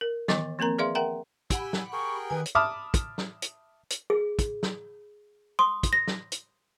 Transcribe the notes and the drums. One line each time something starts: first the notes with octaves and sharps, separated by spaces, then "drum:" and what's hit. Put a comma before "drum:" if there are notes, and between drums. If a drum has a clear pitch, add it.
A#4
D#3 E3 B3 D#5 D6, drum: snare
F3 A#3 C4 A#4 A#5
G#4 B4 D5 E5 F5 C6
A#4 E5 F#5 G5 A#5
G4 F#5 G#5 B5 E6, drum: kick, hi-hat
drum: snare
G#4 A#4 G5 C#6
D#3 B4 G#5
drum: hi-hat
E5 A5 B5 D6 D#6 F6
drum: kick, hi-hat
drum: snare
drum: hi-hat
drum: hi-hat
G#4
drum: kick, hi-hat
drum: snare
C6 D#6
drum: kick, hi-hat
A#6
drum: snare
drum: hi-hat